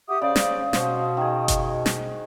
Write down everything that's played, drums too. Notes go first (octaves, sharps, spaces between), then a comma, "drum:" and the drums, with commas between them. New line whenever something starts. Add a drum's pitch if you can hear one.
G4 E5 F#5 D#6
C#3 G#4 C5 D5 F5 D#6
drum: snare
B2 F#4 C5, drum: snare
D#3 G#4
drum: kick F#1, hi-hat
drum: snare